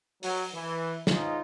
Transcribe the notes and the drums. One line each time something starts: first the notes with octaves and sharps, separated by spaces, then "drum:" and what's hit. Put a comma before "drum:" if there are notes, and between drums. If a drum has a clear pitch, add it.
F#3, drum: open hi-hat
E3
C#2 G#2 G#3 D#4 F4, drum: snare